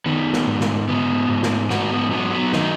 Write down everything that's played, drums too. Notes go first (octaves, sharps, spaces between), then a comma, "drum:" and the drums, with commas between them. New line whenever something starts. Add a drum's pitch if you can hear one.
D#3 B3
drum: snare
G#2
drum: snare
G#2 B3
G#2
drum: snare
G#2 F#4, drum: snare
B3
F#3 B3
B3
D#3 D#4, drum: snare